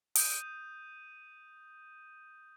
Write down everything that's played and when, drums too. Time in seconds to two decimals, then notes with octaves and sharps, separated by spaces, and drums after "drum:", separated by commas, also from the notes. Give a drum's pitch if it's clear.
0.16 D#6 G6 D#7, drum: open hi-hat